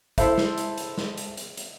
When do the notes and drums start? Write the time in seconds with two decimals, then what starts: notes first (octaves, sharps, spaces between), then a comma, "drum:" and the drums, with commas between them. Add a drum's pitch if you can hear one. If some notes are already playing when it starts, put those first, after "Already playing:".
0.18 E4 A4 C5 E5, drum: kick, hi-hat
0.38 drum: snare
0.58 drum: hi-hat
0.78 drum: hi-hat
0.98 drum: snare
1.18 drum: hi-hat
1.37 drum: hi-hat
1.57 drum: hi-hat